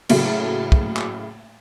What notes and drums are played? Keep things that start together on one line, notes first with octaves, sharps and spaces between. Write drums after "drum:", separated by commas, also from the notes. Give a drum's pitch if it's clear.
A2 C#3 F#3 A3 A#3, drum: cymbal
drum: kick
drum: clap